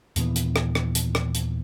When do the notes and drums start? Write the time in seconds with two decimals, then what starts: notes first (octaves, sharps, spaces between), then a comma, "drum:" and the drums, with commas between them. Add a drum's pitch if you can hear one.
0.16 D#2 A#2 E3 B3, drum: hi-hat
0.36 drum: hi-hat
0.56 drum: rim click
0.75 drum: rim click
0.95 drum: hi-hat
1.15 drum: rim click
1.35 drum: hi-hat